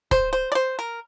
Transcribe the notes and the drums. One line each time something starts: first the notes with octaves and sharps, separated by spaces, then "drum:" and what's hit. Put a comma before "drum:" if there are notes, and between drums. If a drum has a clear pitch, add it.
C5, drum: kick
C5
D5
C5
A#4